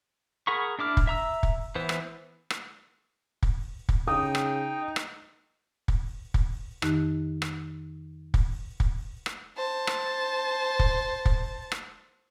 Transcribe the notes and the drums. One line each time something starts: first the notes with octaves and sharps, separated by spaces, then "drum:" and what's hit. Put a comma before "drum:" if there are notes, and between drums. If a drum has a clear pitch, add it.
G#4 A#4 F#5 B5 C#6
D4 E4 D6 F6
drum: kick
E5 A#5 E6
drum: kick
E3 B3 C5
drum: rim click
drum: rim click
drum: kick
drum: kick
C#3 D#4 G5 D#6
drum: rim click
drum: rim click
drum: kick
drum: kick
F2 D#3 D#4 G4 F#6, drum: rim click
drum: rim click
drum: kick
drum: kick
drum: rim click
C5 A5
drum: rim click
drum: kick
drum: kick
drum: rim click